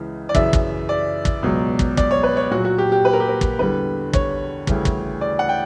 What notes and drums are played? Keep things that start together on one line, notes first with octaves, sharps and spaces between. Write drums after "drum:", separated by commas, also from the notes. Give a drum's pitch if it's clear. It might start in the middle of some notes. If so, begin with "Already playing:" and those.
Already playing: C#2 C#3 E3
D5
F#2 C#3 E3 E5, drum: kick
drum: kick
D5
drum: kick
C#2 B2 F#3
drum: kick
D5, drum: kick
C#5
B4
C#5
A#2 F#3 F#4
F#4
G4
G4
B4
A#4
G4
A#4
drum: kick
E2 D3 G3 B4
C#5, drum: kick
D2 C#3 E3 G3, drum: kick
drum: kick
D5
F#5
G5